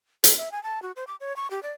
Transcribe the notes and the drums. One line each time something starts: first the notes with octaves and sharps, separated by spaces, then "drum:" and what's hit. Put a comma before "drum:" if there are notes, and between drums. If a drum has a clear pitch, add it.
A4, drum: hi-hat
E5
G#5
A5
F#4
C5
D6
C#5
C#6
G4
D5